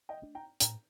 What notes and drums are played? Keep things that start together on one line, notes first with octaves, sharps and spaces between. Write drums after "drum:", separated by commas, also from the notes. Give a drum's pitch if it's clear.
D#5 G5
A3 D4
G5 A#5
A2 G5 A#5, drum: hi-hat